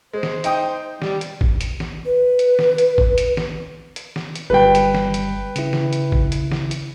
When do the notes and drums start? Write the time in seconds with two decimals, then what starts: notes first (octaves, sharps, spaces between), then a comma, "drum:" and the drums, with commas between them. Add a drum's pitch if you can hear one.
0.14 G#3 C5
0.23 drum: snare
0.44 D#4 G5 D#6, drum: hi-hat
1.02 G3, drum: snare
1.21 drum: hi-hat
1.41 drum: kick
1.61 drum: hi-hat
1.80 drum: snare
2.05 B4
2.39 drum: hi-hat
2.59 drum: snare
2.78 drum: hi-hat
2.98 drum: kick
3.18 drum: hi-hat
3.37 drum: snare
3.96 drum: hi-hat
4.16 drum: snare
4.36 drum: hi-hat
4.50 G1 G3 B4 G5
4.75 drum: hi-hat
4.94 drum: snare
5.14 drum: hi-hat
5.56 C#3 E4, drum: hi-hat
5.73 drum: snare
5.93 drum: hi-hat
6.12 drum: kick
6.32 drum: hi-hat
6.52 drum: snare
6.71 drum: hi-hat